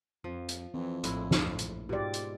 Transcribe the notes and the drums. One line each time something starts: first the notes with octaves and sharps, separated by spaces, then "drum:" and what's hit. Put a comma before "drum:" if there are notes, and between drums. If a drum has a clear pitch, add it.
F2 F3
drum: hi-hat
F2 E3 C4
A#1 A2 G#3 E4, drum: hi-hat
drum: snare
drum: hi-hat
G#2 B2 F4 G4 D5
drum: hi-hat